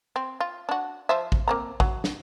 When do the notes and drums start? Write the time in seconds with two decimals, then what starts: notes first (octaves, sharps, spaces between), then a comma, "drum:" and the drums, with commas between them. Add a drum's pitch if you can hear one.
0.16 C4
0.40 F4
0.69 D4 F#4
1.09 F3 C5 E5
1.32 drum: kick
1.48 A#3 C4 A#5
1.80 F#3, drum: kick
2.04 drum: snare